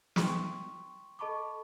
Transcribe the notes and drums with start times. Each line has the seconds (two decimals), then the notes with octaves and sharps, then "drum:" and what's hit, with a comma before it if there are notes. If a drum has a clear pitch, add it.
0.16 G5 C6 C#6, drum: snare
1.19 A4 D#5 A5 B5 C#6 D6